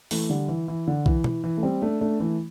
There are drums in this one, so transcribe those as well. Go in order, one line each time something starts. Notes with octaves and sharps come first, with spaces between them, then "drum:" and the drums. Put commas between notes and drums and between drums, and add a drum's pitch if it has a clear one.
E3 A3, drum: open hi-hat
D3 G3
E3
E3
D3
E3, drum: kick B1
E3, drum: tom
E3
A3
G3 C4
A3 D4
A3 D4
E3 A3